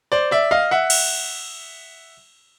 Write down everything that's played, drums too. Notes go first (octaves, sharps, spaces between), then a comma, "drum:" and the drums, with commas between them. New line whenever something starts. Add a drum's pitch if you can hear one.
C5 D5
D5 E5
D#5 F5
E5 F#5
drum: cymbal